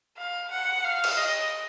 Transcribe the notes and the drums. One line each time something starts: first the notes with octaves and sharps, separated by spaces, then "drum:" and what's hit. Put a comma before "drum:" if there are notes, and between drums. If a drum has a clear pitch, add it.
F5
F#5
F5
drum: cymbal
D#5